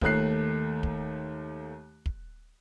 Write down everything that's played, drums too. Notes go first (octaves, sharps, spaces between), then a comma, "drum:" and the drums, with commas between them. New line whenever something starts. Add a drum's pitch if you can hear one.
D#2 D#3 A3 F#6 C7, drum: kick
drum: kick
drum: kick